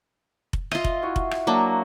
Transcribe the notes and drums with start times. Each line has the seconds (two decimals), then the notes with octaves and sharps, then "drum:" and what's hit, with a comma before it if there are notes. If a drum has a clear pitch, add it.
0.53 drum: kick F1
0.71 F4 D#5 E5, drum: rim click
0.84 drum: kick F1
1.02 E4 F#4 G#5
1.16 drum: kick F1
1.31 drum: rim click
1.47 F#3 A#3 D4